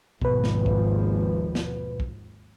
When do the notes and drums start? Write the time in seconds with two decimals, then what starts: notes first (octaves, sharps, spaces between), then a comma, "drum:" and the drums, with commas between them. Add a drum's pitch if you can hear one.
0.21 G#1 D#2 B2 F3 B4, drum: kick
0.44 drum: snare
0.66 drum: kick
1.55 drum: snare
2.00 drum: kick